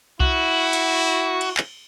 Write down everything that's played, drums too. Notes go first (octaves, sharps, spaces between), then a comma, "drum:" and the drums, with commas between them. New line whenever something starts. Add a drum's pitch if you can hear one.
E4 F#4, drum: kick C2
drum: hi-hat
drum: cymbal
drum: clap